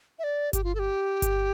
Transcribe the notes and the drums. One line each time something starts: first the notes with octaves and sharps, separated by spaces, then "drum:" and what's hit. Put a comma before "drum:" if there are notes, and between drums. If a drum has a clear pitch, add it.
E5
D5
G4, drum: kick G1, hi-hat
F4
A4
G4
drum: kick G1, hi-hat